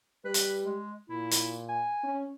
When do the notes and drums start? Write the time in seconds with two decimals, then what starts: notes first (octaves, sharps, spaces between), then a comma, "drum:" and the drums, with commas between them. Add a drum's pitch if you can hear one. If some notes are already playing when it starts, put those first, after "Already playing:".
0.25 G3 B4
0.34 drum: hi-hat
0.65 G#3
1.10 A#2 E4
1.31 drum: hi-hat
1.69 G#5
2.04 C#4